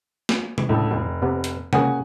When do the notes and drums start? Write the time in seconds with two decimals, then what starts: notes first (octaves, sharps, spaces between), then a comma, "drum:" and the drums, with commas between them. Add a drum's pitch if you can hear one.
0.29 drum: snare
0.58 drum: tom C3
0.69 C#2 A2 D3 A4
0.91 F1
1.22 C3 B3
1.44 drum: hi-hat
1.73 C#3 A#3 F#5 G#5 D#6, drum: tom C3